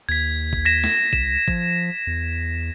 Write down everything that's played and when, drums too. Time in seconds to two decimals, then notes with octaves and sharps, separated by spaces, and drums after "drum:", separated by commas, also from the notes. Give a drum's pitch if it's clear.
0.09 D#2 G#6 B6
0.53 drum: kick G#1
0.65 A#6 B6 E7
0.84 drum: snare
1.13 C2 E7, drum: kick G#1
1.48 F3, drum: kick G#1
2.07 E2